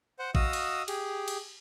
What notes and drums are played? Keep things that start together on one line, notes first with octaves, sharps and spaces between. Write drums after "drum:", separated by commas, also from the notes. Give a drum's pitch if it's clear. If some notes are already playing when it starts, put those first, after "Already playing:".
C5 F#5
F#4 D#5 F5 D#6 E6, drum: kick A1
drum: cymbal
G4 G#4, drum: cymbal
drum: cymbal